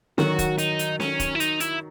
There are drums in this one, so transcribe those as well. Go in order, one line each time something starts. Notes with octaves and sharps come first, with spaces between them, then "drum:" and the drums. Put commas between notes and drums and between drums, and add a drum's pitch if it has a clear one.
D#3 F#3 F#4, drum: snare
drum: kick, hi-hat
D#4, drum: hi-hat
drum: hi-hat
C#4, drum: snare
drum: kick, hi-hat
E4
D#4, drum: hi-hat
E4, drum: hi-hat